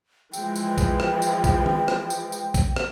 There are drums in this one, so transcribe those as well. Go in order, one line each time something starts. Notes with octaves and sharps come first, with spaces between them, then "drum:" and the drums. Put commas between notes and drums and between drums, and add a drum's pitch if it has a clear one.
E3 F3 G#3 G5, drum: tambourine
drum: tambourine
drum: kick, tambourine
drum: rim click
drum: tambourine
drum: kick, tambourine
drum: tom D#3
drum: rim click
drum: tambourine
drum: tambourine
drum: kick, tambourine
drum: rim click